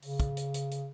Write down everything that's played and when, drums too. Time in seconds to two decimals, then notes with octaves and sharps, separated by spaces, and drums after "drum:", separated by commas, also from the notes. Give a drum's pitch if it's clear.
0.02 C#3, drum: open hi-hat
0.20 drum: kick, hi-hat
0.37 drum: hi-hat
0.54 drum: hi-hat
0.71 drum: hi-hat